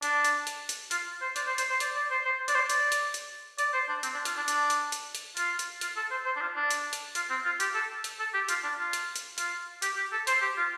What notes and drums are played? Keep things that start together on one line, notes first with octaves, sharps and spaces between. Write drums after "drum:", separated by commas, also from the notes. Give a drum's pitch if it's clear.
D4, drum: hi-hat
drum: hi-hat
drum: hi-hat
drum: hi-hat
F4, drum: hi-hat
C5
D5, drum: hi-hat
C5
C5, drum: hi-hat
C5
D5, drum: hi-hat
D5
C5
C5
D5, drum: hi-hat
C5
D5, drum: hi-hat
drum: hi-hat
drum: hi-hat
D5, drum: hi-hat
C5
D4
C4, drum: hi-hat
D4
F4, drum: hi-hat
D4
D4, drum: hi-hat
drum: hi-hat
drum: hi-hat
drum: hi-hat
F4, drum: hi-hat
drum: hi-hat
F4, drum: hi-hat
A4
C5
C5
D4
F4
D4
drum: hi-hat
drum: hi-hat
F4, drum: hi-hat
C4
F4
G4, drum: hi-hat
A4
drum: hi-hat
A4
G4
F4, drum: hi-hat
D4
F4
drum: hi-hat
drum: hi-hat
F4, drum: hi-hat
G4, drum: hi-hat
G4
A4
C5, drum: hi-hat
G4
F4